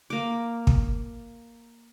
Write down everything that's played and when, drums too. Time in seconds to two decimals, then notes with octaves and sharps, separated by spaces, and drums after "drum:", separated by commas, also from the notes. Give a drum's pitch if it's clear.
0.10 A#3 D6
0.67 drum: kick